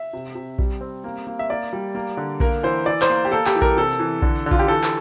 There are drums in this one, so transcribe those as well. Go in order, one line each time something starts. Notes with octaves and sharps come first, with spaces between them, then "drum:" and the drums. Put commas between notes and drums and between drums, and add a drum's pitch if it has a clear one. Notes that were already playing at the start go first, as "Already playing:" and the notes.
Already playing: E5
C3
C3
G3, drum: kick A#1
C4
A#3
A#3
E5
A#3 D5
G3
A#3
D3
A#3 A#4, drum: kick A#1
E3 C5
E3 D5
C5, drum: clap
A#3
G4
A#3 A4
G4, drum: clap
E3
A#4, drum: kick A#1
C3 A4
E3
D3, drum: kick A#1
D3
F4, drum: kick A#1
G4
E3 A4
drum: clap